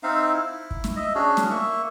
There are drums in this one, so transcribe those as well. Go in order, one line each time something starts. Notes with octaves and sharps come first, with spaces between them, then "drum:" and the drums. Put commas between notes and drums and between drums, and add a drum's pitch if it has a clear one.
C4 D#4 E5 F5
E4
drum: kick
drum: snare
D#5 E5
C#4 D4 F#4 G#4
drum: snare
A#3 E5 C#6